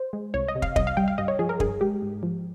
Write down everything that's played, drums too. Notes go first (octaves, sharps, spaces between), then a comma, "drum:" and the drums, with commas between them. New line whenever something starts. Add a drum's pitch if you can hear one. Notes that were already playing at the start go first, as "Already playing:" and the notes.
Already playing: C5
G#3
C2 C#5
D#5
C3
F5, drum: kick
C2 D#5, drum: kick
F5
G3 G5
F5
G2 D#5
C#5
F3 G#4
A#4
G2 G#4, drum: kick
G#3 G4
G#2
F3